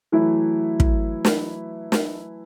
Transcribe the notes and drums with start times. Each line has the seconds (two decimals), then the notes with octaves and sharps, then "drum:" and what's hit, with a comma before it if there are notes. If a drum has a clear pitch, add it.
0.12 E3 F#3 A3 E4
0.80 drum: kick
1.25 drum: snare
1.92 drum: snare